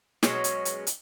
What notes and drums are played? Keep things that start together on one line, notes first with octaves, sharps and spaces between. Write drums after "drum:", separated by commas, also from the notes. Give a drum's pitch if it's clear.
B2 F#3 G#3 C#4, drum: snare
drum: hi-hat
drum: hi-hat
drum: hi-hat